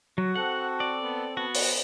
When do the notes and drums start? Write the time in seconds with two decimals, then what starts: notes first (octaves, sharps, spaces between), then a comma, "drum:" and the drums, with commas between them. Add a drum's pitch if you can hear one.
0.18 F#3 F#4
0.35 C4 A4 F#5
0.80 D5
1.03 B3
1.37 B3 F#4
1.55 drum: open hi-hat